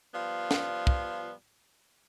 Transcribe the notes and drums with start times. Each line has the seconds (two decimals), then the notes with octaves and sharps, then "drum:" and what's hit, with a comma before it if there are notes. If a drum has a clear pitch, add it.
0.15 F3 G3 B3 F4
0.51 drum: snare
0.87 drum: kick